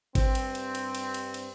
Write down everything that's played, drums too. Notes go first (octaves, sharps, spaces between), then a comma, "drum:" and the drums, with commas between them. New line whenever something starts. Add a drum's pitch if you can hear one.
G2 C4, drum: kick G#1, cymbal
drum: cymbal
drum: cymbal
drum: cymbal
drum: cymbal
drum: cymbal
drum: cymbal